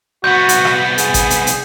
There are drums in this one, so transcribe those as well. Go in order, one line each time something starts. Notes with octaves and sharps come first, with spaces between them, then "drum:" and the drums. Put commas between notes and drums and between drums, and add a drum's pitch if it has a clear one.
C2 B3 F#4 G6
drum: hi-hat
drum: rim click
G#4, drum: hi-hat
drum: kick G#1, hi-hat
drum: hi-hat
drum: hi-hat